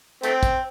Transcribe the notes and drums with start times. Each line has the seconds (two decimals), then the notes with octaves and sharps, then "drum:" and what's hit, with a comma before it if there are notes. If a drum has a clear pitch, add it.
0.23 A3 C4, drum: hi-hat
0.43 drum: kick, hi-hat